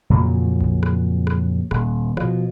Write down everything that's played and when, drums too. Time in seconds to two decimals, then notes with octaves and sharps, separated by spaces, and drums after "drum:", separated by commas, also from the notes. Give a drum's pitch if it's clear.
0.10 F2 A#2 C#3 F#3
0.61 drum: kick A#1
0.83 drum: rim click
1.27 drum: rim click
1.71 D#1, drum: rim click
2.17 B2 F3, drum: rim click